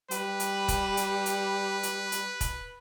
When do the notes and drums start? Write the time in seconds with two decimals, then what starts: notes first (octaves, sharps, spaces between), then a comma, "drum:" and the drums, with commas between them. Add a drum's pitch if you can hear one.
0.11 G3 B4, drum: hi-hat
0.40 drum: hi-hat
0.68 drum: kick, hi-hat
0.97 drum: hi-hat
1.26 drum: hi-hat
1.83 drum: hi-hat
2.12 drum: hi-hat
2.41 drum: kick, hi-hat